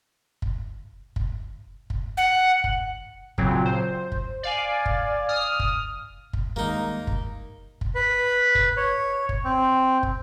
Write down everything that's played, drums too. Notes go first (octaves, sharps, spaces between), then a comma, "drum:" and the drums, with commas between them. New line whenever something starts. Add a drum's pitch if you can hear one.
drum: kick
drum: kick
drum: kick
F#5
drum: kick
A#2 C#3 F#3 C4, drum: kick
C5
drum: kick
D5 F5 G#5
drum: kick
D#6 F6
drum: kick
drum: kick
D#2 G3 G#3 A#3 D#4
drum: kick
drum: kick
B4
drum: kick
C#5
drum: kick
C4
drum: kick